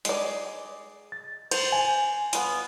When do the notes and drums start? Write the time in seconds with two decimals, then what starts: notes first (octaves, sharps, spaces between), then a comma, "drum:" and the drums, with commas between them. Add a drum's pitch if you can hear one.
0.05 G#3 D5, drum: hi-hat
1.12 A6
1.51 C5, drum: cymbal
1.72 G#5
2.33 B3 F4, drum: hi-hat